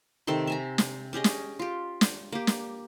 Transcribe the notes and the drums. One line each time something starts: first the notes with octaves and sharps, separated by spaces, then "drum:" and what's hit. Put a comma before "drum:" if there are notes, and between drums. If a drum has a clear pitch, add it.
C3 D#3 A4 C6
E5 G#5 A#5
drum: snare
C#4 G4 G#4 D#5
drum: snare
F4 G4
drum: snare
A#3 G4
drum: snare